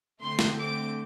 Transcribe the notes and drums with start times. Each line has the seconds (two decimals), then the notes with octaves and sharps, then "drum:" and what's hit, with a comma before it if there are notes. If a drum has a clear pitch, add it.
0.22 D3 A3 C4 C6
0.39 drum: snare
0.59 D6